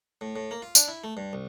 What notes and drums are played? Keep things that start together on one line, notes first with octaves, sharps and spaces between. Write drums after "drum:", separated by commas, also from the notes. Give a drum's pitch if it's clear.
A2
A2
A#3
F4
D4, drum: tambourine
E4
A3
G2
C2